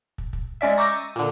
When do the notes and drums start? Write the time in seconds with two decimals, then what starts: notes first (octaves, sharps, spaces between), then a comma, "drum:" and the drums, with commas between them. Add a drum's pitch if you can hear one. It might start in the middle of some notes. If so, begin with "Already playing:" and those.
0.18 drum: kick
0.33 drum: kick
0.61 G#3 C#4 D5 E5
0.77 A#5 C#6 D6 E6 G6 A#6
0.95 D#7
1.16 A#2 D3